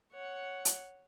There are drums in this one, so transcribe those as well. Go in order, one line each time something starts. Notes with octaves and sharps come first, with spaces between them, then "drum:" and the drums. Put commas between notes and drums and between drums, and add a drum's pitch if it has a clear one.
C#5 F#5
drum: hi-hat